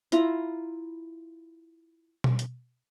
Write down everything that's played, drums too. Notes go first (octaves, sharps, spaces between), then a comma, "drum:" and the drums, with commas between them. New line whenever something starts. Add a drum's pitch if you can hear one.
E4 F4 A#5, drum: hi-hat
drum: tom B2
drum: hi-hat